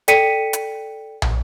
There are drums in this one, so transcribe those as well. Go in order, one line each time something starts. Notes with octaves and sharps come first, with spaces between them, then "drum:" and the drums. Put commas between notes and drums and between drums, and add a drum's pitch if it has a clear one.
A4 D5 G5 B6 C#7 D#7, drum: hi-hat
drum: hi-hat
drum: tom